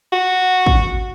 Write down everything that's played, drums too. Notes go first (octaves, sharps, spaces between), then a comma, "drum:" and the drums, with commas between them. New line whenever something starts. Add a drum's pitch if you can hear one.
F#4
drum: kick